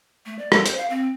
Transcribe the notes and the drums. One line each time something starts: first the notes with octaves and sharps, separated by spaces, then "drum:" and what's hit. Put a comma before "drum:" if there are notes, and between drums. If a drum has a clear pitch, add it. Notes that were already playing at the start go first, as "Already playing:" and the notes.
A3
D5
A4, drum: rim click
C5, drum: hi-hat
F5
C4